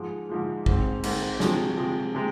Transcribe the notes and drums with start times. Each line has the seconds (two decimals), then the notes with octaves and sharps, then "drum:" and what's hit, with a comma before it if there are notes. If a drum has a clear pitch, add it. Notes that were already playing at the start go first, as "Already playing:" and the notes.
Already playing: G#2 F3 G#3
0.29 G#2 F3 G#3
0.66 G#2 G#3 C4, drum: kick
1.04 G#2 G#3 C4, drum: cymbal
1.40 C3 F3 G#3, drum: snare
1.77 C3 F3 G#3
2.15 C3 G#3